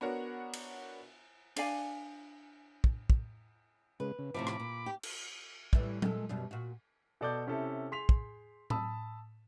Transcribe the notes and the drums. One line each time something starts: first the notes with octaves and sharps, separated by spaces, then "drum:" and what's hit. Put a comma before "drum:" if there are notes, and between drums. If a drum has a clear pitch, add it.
B3 D4 F#4 A#4 C#5 F#5
drum: cymbal
D4 D5 F5 G#5, drum: cymbal
drum: kick
drum: kick
C#3 G#3 B4
C#3
A2 C3 F3 B5 D6
drum: rim click
A#2
G4
drum: cymbal
A2 E3 G3, drum: kick
A#2 G#3 A4, drum: tom F#3
F#2 B2 G3
A#2 F#4
B2 A4 D5 D6 G6
C3 C#4 E4 A4
G#4 C6 B6 F7
drum: kick
A5 B5 D#6 E6, drum: tom A2